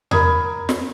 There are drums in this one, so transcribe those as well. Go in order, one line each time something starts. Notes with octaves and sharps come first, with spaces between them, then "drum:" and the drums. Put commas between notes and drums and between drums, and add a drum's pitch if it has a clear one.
A#4 B5 D#6 G#6, drum: tom E2
drum: snare